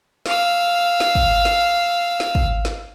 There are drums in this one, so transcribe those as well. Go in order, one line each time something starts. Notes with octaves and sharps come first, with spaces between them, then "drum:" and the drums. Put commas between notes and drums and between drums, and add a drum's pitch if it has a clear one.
F5 E6, drum: snare
drum: snare
drum: kick
drum: snare
drum: snare
drum: kick
drum: snare